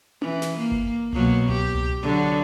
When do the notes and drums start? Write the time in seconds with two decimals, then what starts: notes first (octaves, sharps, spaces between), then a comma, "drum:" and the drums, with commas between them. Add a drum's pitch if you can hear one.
0.22 E3, drum: tom C#4
0.42 drum: snare
0.58 A#3
0.71 drum: kick G1
1.13 B2 F#3 A#3, drum: tom C2
1.49 G4, drum: tom C2
1.75 drum: tom C2
2.02 D3 F#3